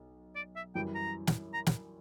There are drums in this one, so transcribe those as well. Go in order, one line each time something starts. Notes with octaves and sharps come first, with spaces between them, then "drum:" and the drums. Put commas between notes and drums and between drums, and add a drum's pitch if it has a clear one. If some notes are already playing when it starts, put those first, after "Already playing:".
Already playing: B1
D5
E5
F#2 E3 G3 G5
A#5
drum: snare
A#5
drum: snare